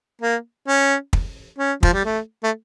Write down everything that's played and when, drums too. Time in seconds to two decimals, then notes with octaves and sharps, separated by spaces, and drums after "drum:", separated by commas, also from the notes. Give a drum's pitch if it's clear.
0.22 A#3
0.68 C#4
1.13 drum: kick
1.59 C#4
1.83 F3, drum: kick
1.94 G3
2.05 A3
2.43 A3